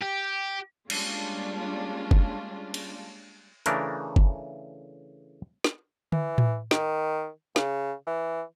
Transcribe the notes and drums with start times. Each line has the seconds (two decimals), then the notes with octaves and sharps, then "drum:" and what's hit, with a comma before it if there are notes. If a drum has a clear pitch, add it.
0.01 G4
0.90 G3 G#3 A#3 C#4 D4 F4, drum: cymbal
2.11 drum: kick
2.74 drum: cymbal
3.66 C#3 E3 A3 D4 A#4, drum: hi-hat
4.16 drum: kick
5.64 drum: snare
6.12 E3, drum: tom D3
6.38 drum: tom A2
6.71 D#3, drum: snare
7.56 C#3, drum: snare
8.07 E3